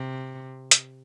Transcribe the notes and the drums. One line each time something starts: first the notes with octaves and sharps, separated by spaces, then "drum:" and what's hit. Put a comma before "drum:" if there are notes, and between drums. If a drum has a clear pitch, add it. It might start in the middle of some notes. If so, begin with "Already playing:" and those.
Already playing: C3
drum: hi-hat